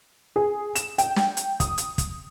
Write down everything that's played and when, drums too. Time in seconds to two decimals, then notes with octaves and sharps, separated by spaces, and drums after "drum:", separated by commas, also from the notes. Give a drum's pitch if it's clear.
0.36 G#4
0.75 E7, drum: hi-hat
0.98 G5, drum: hi-hat
1.16 drum: snare
1.37 drum: hi-hat
1.60 D#6, drum: kick, hi-hat
1.78 drum: hi-hat
1.98 drum: kick, hi-hat